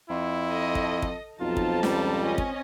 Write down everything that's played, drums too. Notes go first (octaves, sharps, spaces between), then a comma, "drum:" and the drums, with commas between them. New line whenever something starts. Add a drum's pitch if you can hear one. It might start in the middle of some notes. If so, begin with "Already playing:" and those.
F2 E4
A4 D#5
drum: kick
drum: kick
B1 F2 F3 D#4 F4 A5
drum: kick
C#2 G3, drum: snare
C4 C#4 D#5
drum: kick